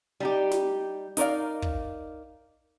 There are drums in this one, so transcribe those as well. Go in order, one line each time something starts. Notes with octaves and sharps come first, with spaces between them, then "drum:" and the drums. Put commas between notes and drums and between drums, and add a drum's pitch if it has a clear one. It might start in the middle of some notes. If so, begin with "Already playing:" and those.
G3 D#4 G4
drum: snare
D#4 A#4 C#5 D5 F5, drum: hi-hat
drum: kick